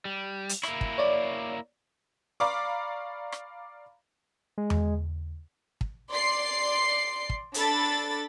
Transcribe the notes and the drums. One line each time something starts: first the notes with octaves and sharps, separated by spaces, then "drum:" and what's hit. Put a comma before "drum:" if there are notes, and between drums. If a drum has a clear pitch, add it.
G3
drum: hi-hat
A#3 E4, drum: rim click
drum: kick
C#5 D5
D5 F5 A#5 B5 C#6 D6
drum: rim click
G#3
drum: tom E2
drum: kick
D5 C6 C7
drum: kick
D4 A4 B5 A6, drum: hi-hat